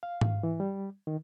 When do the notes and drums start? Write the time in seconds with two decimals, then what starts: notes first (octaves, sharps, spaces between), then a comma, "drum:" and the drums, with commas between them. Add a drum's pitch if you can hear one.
0.03 F5
0.21 drum: tom G#2
0.43 E3
0.60 G3
1.07 D#3